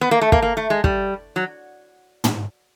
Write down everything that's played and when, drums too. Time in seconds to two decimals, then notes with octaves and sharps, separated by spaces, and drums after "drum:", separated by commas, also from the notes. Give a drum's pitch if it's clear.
0.01 B3
0.11 A#3
0.21 A3
0.32 A#3, drum: kick
0.42 A#3
0.57 A3
0.70 G#3
0.84 G3, drum: kick
1.36 F#3
2.24 drum: tom